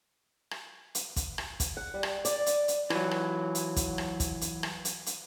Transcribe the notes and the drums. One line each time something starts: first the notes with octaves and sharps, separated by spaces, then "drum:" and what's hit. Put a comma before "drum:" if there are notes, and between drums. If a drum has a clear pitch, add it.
drum: rim click
drum: hi-hat
drum: kick, hi-hat
drum: rim click
drum: kick, hi-hat
F#5
G3
drum: rim click
D5, drum: hi-hat
drum: hi-hat
drum: hi-hat
E3 F#3, drum: rim click
drum: rim click
drum: hi-hat
drum: kick, hi-hat
drum: rim click
drum: kick, hi-hat
drum: hi-hat
drum: rim click
drum: hi-hat
drum: hi-hat